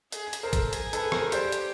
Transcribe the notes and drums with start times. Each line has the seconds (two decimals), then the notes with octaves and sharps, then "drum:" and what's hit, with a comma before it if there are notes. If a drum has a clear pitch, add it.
0.12 G#4, drum: hi-hat
0.33 drum: hi-hat
0.43 A4 A#4 C5
0.53 drum: kick A1, hi-hat
0.73 G#4, drum: hi-hat
0.93 A4 B4, drum: hi-hat
1.12 A#4 C5, drum: rim click
1.32 G4 C5 D5, drum: hi-hat
1.52 drum: hi-hat